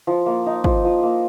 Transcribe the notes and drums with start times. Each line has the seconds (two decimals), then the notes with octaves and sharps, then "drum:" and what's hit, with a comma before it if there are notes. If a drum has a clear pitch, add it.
0.07 F3
0.26 A#3
0.46 D#4
0.64 F3, drum: kick
0.85 F3
1.03 A#3